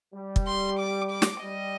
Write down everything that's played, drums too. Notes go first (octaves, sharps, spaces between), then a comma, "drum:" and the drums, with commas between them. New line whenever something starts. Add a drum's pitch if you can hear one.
G3
drum: kick
C6
D6
D6
drum: snare
G3 D#5